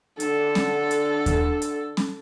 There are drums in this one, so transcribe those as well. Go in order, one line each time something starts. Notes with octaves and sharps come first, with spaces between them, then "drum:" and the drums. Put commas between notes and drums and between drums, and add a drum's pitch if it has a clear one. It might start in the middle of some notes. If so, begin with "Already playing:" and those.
D3 D4 A4, drum: hi-hat
drum: snare C#4
drum: hi-hat
drum: kick D#2, hi-hat
drum: hi-hat
drum: snare C#4